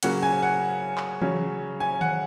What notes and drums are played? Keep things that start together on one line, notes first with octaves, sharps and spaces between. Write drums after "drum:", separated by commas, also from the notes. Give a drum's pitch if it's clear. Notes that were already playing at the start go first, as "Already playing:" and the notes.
C#3 F#3 A#3 C#4 F#5, drum: hi-hat
G#5
F#5
drum: clap
C#3 F#3 C#4, drum: tom E3
G#5
F#5, drum: tom D#3